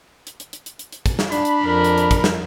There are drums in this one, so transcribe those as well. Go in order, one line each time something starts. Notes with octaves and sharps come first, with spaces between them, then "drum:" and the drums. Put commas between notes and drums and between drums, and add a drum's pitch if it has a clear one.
drum: hi-hat
drum: hi-hat
drum: hi-hat
drum: hi-hat
drum: hi-hat
drum: hi-hat
drum: kick, hi-hat
drum: snare
D4 B5, drum: hi-hat
drum: hi-hat
F2 A#4
drum: hi-hat
drum: hi-hat
drum: kick, hi-hat
drum: snare